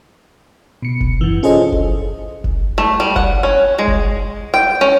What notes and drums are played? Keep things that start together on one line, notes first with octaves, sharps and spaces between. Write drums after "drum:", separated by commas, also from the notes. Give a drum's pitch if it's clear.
B2 C#7
drum: kick F1
F#2 E3
C#4 F4 G#4 A4 C5 D#5
drum: kick F1
drum: kick F1
A3
G3
F#5, drum: kick F1
C#4
G#3
drum: kick F1
G5
C#4